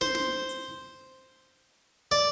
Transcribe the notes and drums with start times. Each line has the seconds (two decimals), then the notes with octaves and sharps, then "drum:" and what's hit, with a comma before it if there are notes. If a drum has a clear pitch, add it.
0.01 C5, drum: snare
0.15 drum: snare
0.49 drum: hi-hat
2.11 D5